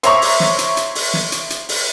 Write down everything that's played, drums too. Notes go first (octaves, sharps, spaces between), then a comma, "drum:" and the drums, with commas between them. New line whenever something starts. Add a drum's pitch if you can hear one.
C5 C#5 E5 A#5 C#6 D6, drum: hi-hat
drum: open hi-hat
drum: snare
drum: hi-hat
drum: hi-hat
drum: open hi-hat
drum: snare
drum: hi-hat
drum: hi-hat
drum: open hi-hat